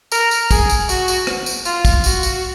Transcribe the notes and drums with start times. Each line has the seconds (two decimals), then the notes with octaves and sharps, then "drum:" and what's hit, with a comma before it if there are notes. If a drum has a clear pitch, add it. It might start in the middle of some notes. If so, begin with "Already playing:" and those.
0.12 A#4, drum: tambourine
0.31 drum: tambourine
0.51 G#4, drum: kick, tambourine
0.70 drum: tambourine
0.89 F#4, drum: tambourine
1.08 drum: tambourine
1.27 drum: rim click
1.46 drum: tambourine
1.65 F4, drum: tambourine
1.85 drum: kick, tambourine
2.04 F#4, drum: tambourine
2.23 drum: tambourine